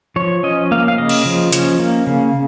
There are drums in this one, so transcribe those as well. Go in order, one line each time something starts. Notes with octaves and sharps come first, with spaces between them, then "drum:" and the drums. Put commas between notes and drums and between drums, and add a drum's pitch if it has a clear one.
F3 C#5
C#4 D#5
A#3 F5
F5
C#3 D#5
drum: cymbal
F3
C#4, drum: hi-hat
A#3
C#3